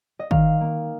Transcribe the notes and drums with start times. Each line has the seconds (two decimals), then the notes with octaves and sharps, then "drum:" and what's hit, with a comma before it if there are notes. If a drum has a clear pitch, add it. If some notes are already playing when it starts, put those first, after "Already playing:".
0.19 D#5
0.31 D#3 F5, drum: kick
0.61 A#3